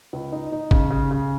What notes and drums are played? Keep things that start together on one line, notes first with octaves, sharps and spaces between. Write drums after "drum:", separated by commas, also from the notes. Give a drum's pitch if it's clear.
C#2
D#4
D#4
C#3, drum: kick G1
C#3
C#3